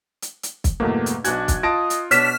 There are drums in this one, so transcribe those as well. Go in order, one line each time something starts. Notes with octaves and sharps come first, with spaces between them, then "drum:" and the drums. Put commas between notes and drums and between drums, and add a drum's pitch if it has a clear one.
drum: hi-hat
drum: hi-hat
drum: kick, hi-hat
G1 E2 B2 A3 A#3
drum: hi-hat
B1 D4 F#4 G#5 F#6 G#6, drum: hi-hat
drum: kick, hi-hat
F4 D#5 A5 A#6 D7
drum: hi-hat
B2 D4 C#5 F6 B6 E7, drum: hi-hat